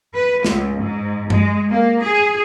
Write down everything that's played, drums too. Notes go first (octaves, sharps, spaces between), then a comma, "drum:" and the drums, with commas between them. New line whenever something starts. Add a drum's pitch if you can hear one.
B4
C#2, drum: snare
G#2
G#3, drum: tom G2
A#3
G#4